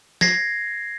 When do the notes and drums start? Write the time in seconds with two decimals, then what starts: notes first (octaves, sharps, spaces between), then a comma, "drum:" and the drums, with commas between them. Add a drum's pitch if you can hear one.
0.21 G#6 A#6 C7, drum: snare